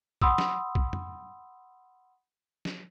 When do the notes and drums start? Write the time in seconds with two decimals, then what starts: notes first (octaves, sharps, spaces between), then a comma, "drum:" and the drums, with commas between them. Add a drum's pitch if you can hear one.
0.22 F#5 B5 C6 D#6 E6, drum: kick
0.38 drum: snare
0.75 drum: kick
0.93 drum: tom F2
2.65 drum: snare